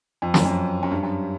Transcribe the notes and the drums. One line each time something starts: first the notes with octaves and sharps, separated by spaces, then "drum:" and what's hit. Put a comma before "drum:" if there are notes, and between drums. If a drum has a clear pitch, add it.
F2
F#2, drum: snare
F2
F#2
G2
F#2